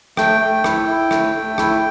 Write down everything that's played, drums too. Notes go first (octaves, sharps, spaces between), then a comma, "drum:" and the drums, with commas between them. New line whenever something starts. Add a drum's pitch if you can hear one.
A3 G5, drum: rim click
A3
E4, drum: rim click
E4
A3, drum: rim click
A3
E4, drum: rim click